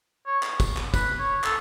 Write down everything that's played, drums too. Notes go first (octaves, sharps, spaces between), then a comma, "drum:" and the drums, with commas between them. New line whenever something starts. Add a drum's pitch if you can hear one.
C#5
drum: clap
drum: kick, tambourine
drum: clap
B4, drum: kick, tambourine
C#5
A4, drum: clap